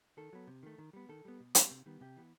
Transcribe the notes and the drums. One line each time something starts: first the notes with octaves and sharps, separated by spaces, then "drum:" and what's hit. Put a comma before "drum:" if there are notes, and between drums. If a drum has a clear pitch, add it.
D#3 A4
F#3 B3
C3
D#3 A3
D#3
G3 B3
D#3 A4
G3 B3
B2
G3 B3, drum: hi-hat
C3
D#3 G3 B3
C3 G4
E3 B3